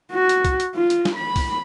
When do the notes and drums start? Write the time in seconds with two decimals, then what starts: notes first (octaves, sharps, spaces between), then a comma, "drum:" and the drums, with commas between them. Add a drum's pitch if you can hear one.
0.12 F#4
0.29 drum: hi-hat
0.45 drum: kick, hi-hat
0.60 drum: hi-hat
0.75 F4
0.90 drum: hi-hat
1.05 drum: snare
1.15 B5
1.36 drum: kick, open hi-hat